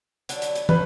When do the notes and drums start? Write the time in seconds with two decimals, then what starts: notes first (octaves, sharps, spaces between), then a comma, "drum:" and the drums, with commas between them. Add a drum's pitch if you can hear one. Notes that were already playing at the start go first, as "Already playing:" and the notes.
0.29 D3 F#3 B3, drum: hi-hat
0.42 drum: hi-hat
0.55 drum: hi-hat
0.69 A2 G3 C#4 B4, drum: tom